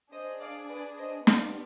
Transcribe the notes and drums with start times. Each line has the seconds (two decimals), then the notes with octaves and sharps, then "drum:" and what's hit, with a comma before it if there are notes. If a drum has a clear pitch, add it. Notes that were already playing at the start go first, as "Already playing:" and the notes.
0.12 D4 G#4 C5 D#5
0.41 D5 F5
0.69 B4 D5
0.98 C5 D#5
1.27 B3 D4 G4 D5 F5, drum: snare